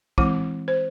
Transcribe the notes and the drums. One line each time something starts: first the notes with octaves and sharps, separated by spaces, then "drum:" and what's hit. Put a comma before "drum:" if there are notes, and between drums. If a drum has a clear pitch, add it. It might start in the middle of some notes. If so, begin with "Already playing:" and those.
E3 G#3 C4 E4, drum: kick
C5